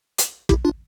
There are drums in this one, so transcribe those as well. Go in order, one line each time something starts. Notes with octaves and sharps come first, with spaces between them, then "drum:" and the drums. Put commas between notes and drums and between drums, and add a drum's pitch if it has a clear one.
drum: hi-hat
E4 G4, drum: kick
D4 F4